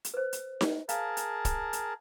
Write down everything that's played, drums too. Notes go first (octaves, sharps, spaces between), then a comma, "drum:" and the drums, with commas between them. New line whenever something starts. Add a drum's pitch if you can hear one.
drum: hi-hat
B4 C5
drum: hi-hat
drum: snare D#4
G#4 A#4 F5 A5, drum: hi-hat
drum: hi-hat
drum: kick, hi-hat
drum: hi-hat